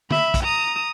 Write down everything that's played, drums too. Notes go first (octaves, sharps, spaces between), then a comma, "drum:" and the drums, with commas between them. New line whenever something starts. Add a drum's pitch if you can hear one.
E5 B5, drum: tom D3
drum: kick, hi-hat
A#5 D#6